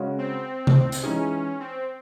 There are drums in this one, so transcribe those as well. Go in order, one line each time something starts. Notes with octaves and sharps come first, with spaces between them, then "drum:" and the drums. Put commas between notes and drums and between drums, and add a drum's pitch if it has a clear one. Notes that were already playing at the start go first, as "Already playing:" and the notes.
Already playing: C#3 G#3 C#4 F#4
C4
drum: tom C3
drum: hi-hat
E3 G#3 C#4 D#4 G#4
C4